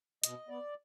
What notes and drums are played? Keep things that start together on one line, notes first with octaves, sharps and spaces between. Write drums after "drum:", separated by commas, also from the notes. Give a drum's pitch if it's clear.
B2 D#5, drum: hi-hat
B3 D5